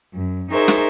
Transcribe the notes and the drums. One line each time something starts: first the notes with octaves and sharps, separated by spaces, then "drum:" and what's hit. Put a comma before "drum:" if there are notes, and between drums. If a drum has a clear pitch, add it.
F#2
D#4 G#4 A#4 C5 E5 C#6
drum: snare